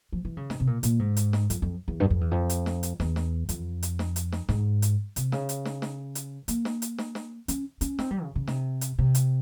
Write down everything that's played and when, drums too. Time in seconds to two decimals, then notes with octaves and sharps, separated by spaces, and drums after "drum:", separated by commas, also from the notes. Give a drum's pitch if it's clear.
0.13 F3
0.25 E3
0.37 C#3
0.50 C3, drum: snare
0.60 C3
0.67 A#2
0.83 A#2, drum: hi-hat
0.99 G#2
1.17 drum: hi-hat
1.33 drum: snare
1.50 F2, drum: hi-hat
1.62 F2
1.88 E2
2.00 G2
2.10 F2
2.21 E2
2.31 F2
2.50 drum: hi-hat
2.66 drum: snare
2.83 drum: hi-hat
3.00 E2, drum: snare
3.16 drum: snare
3.49 F2, drum: hi-hat
3.83 drum: hi-hat
3.99 drum: snare
4.16 drum: hi-hat
4.32 drum: snare
4.49 G#2, drum: snare
4.82 drum: hi-hat
5.16 C3, drum: hi-hat
5.32 C#3, drum: snare
5.49 drum: hi-hat
5.65 drum: snare
5.82 drum: snare
6.15 drum: hi-hat
6.48 A#3, drum: hi-hat
6.65 drum: snare
6.82 drum: hi-hat
6.98 drum: snare
7.15 drum: snare
7.48 C#4, drum: hi-hat
7.81 C#4, drum: hi-hat
7.99 C4, drum: snare
8.11 G3
8.23 C#3
8.36 C#3
8.47 C3, drum: snare
8.81 drum: hi-hat
8.99 C3
9.15 drum: hi-hat